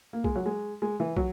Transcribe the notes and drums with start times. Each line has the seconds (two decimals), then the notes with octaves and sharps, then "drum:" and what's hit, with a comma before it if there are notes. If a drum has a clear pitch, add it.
0.13 A#3
0.24 G#3, drum: kick
0.36 F#3
0.46 G#3
0.82 G#3
1.00 E3
1.17 F#3, drum: kick